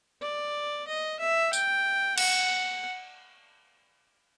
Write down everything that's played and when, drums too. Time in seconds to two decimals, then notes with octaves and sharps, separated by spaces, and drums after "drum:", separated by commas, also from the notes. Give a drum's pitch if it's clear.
0.22 D5
0.88 D#5
1.20 E5
1.53 G5, drum: tambourine
2.18 F#5, drum: cymbal